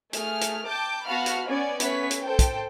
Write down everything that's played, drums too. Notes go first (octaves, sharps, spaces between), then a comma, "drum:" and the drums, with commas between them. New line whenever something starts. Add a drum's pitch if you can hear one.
A3 G#4 F6, drum: hi-hat
drum: hi-hat
G5 A5 D6 G6
B3 F#4 F5 A5 B5 F6
drum: hi-hat
B3 C#4 D5 G#5
A3 B3 C#4 B4 C#5 B6, drum: hi-hat
drum: hi-hat
A4 C5 G5
drum: kick, hi-hat